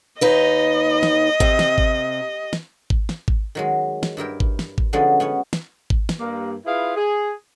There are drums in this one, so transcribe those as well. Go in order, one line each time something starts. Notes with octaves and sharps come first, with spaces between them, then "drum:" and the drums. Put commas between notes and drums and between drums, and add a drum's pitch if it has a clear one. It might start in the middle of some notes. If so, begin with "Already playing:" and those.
D#2 D#4 B4 D#5
drum: snare
C3, drum: kick G#1
drum: snare
drum: kick G#1
drum: snare
drum: kick G#1
drum: snare
drum: kick G#1
D#3 F#3 G#3
drum: snare
G2 E4 A#4 G5
drum: kick G#1
drum: snare
drum: kick G#1
D3 F3 F#3 G#3 B3 C#4
B3 C#4 C#5
drum: snare
drum: kick G#1
drum: snare
G2 A#3
E4 F4 G#4 B4 F5
G#4